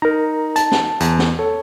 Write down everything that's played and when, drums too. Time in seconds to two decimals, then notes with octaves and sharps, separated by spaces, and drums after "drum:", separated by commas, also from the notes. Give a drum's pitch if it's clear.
0.02 D#4 A#4 A#5
0.56 A5, drum: hi-hat
0.72 drum: snare
1.00 E2, drum: hi-hat
1.19 drum: snare
1.39 A4 C#5